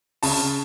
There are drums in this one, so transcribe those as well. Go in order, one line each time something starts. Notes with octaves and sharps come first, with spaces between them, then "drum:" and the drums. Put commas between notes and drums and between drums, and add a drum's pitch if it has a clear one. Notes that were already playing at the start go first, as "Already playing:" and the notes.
C#3 A5, drum: open hi-hat